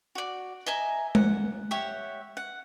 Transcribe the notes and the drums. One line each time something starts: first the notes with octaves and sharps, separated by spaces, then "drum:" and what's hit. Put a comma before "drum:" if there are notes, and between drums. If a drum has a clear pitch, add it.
F#4 D5
D#5 E5 G#5 A#5
F#5, drum: tom G#3
G4 C#5 E5 F#5
F#5